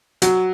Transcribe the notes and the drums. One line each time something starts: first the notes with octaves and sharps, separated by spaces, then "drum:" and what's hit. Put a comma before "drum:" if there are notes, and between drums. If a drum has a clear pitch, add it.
F#3, drum: hi-hat